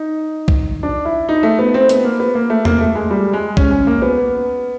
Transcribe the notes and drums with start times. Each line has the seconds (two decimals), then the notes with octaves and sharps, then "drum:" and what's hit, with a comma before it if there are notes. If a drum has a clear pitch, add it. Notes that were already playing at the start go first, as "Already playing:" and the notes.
Already playing: D#4
0.48 drum: kick
0.83 D4
1.05 E4
1.29 D#4
1.43 A3
1.59 B3
1.74 C4
1.89 B3, drum: hi-hat
2.05 A#3
2.20 B3
2.35 A#3
2.50 A3
2.65 A#3, drum: tom E2
2.81 A3
2.95 G#3
3.11 G3
3.33 G#3
3.57 C#4, drum: kick
3.71 C#4
3.87 A#3
4.02 B3